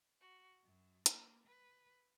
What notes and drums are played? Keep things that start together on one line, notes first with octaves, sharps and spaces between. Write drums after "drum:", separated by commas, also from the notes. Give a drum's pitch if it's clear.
F#4
F#2
A#3, drum: hi-hat
B4